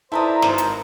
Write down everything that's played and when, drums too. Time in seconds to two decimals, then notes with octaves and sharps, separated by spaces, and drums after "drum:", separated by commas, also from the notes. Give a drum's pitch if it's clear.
0.12 E4 A4 B4 C5 D5 A#5 D#6
0.42 G#1 A#4 C5, drum: snare
0.58 drum: hi-hat